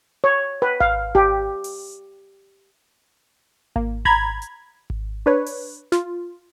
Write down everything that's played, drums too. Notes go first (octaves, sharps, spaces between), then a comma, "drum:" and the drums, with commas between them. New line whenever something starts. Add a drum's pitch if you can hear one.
C#5
B4
F5, drum: kick G#1
G4, drum: kick G#1
drum: open hi-hat
A#3, drum: kick G#1
A#5 B5 G#6, drum: kick G#1
drum: hi-hat
drum: kick G#1
D4 B4 C#5
drum: open hi-hat
F4, drum: snare